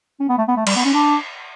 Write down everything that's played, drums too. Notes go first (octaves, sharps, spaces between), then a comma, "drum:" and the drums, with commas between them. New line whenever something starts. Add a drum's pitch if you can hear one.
C#4
B3
A3
B3
A3
G3, drum: cymbal
B3
C#4
D4